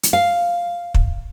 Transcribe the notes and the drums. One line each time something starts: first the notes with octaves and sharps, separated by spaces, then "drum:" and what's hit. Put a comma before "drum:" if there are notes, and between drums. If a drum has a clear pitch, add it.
drum: hi-hat
F5
drum: kick